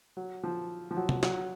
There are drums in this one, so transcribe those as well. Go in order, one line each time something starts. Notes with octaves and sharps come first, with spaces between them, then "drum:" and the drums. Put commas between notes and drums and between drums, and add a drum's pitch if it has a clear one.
F#3
F3
F3
F#3
drum: tom C3
F#3, drum: snare